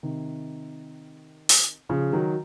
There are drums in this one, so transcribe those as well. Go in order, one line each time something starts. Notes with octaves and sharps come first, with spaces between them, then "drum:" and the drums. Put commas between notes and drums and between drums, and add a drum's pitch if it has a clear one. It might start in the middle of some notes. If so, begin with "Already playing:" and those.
C3 D#3
drum: open hi-hat
C#3 F3
D#3 F#3